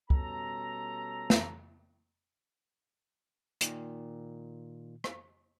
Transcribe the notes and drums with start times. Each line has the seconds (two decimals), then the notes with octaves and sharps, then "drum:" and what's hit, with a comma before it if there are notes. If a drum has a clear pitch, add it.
0.10 B2 G3 C#4 A4 A#5, drum: kick
1.30 drum: snare
3.61 A#2 D#3, drum: hi-hat
5.04 drum: rim click